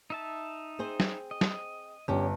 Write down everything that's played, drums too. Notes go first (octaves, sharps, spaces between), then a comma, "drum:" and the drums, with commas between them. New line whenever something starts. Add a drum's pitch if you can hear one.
D#4 E5 A5
C4 G#4 C5
drum: snare
D#5
drum: snare
G1 C#4 G4